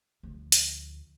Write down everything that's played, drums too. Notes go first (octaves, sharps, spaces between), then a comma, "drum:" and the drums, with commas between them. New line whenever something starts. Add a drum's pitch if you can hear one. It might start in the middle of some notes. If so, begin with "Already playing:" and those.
D2 F3
drum: hi-hat